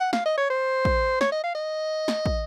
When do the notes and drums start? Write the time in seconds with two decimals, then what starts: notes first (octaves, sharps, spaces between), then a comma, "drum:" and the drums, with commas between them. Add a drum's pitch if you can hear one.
0.01 F#5
0.13 F5, drum: snare
0.26 D#5
0.38 C#5
0.50 C5
0.85 drum: kick
1.21 C#5, drum: snare
1.32 D#5
1.44 F5
1.55 D#5
2.08 drum: snare
2.26 drum: kick